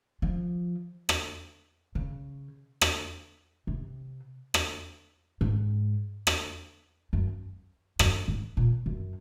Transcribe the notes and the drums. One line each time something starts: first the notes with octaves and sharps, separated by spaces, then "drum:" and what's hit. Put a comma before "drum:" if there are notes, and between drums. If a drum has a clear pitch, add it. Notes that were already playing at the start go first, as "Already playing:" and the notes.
F3
drum: rim click
C#3
drum: rim click
C3
drum: rim click
G#2
drum: rim click
F#2
F#2, drum: rim click
G#2
A#2
F#2